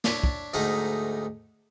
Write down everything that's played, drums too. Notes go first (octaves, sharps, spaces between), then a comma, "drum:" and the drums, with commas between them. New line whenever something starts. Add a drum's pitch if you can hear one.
D4 C#5 E5 A5, drum: snare
drum: kick
D2 G#2 A3 D#4 F#5